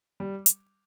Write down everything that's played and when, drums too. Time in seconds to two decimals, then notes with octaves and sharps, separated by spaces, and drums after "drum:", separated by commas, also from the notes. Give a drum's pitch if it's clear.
0.20 G3
0.46 drum: hi-hat